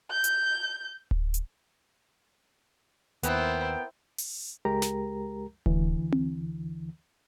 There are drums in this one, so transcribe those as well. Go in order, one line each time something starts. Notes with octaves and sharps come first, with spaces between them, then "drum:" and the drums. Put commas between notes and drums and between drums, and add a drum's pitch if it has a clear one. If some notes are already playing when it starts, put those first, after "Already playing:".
G6
drum: hi-hat
drum: kick D1
drum: hi-hat
D#2 B3 E4 A#4 C5 G5, drum: hi-hat
drum: open hi-hat
C#2 G#3 G4 A#4 A#5
drum: snare
D2 D3 E3, drum: kick D1
drum: tom C4